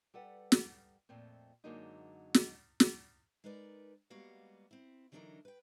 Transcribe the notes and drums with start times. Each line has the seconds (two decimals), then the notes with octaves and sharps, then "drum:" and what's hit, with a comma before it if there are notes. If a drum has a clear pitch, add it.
0.14 G3 A4 B4 F#5
0.52 drum: snare
1.09 F2 A#2 A3 C4
1.64 F#2 D3 F#3 G#3 A#3 D#4
2.34 drum: snare
2.80 drum: snare
3.44 G#3 D#4 A#4 B4 D5
4.10 G3 G#3 A#3 B3 F#4 F5
4.71 C4 E4
5.12 D3 E3 F#3 D4 D#4 A#4
5.45 B4 G5